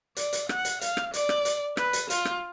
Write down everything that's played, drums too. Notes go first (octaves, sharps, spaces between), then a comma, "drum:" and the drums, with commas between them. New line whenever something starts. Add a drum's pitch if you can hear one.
D5, drum: hi-hat
drum: hi-hat
F#5, drum: rim click
drum: hi-hat
F5, drum: hi-hat
drum: rim click
D5, drum: hi-hat
drum: rim click
drum: hi-hat
B4, drum: rim click
drum: hi-hat
F4, drum: hi-hat
drum: rim click